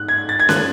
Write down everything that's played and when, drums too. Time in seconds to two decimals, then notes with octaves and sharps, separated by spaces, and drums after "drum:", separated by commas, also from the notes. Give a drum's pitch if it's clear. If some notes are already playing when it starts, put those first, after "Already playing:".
Already playing: G#2 F#6
0.08 G#6
0.29 A6
0.40 G#6
0.49 F#6, drum: snare C#4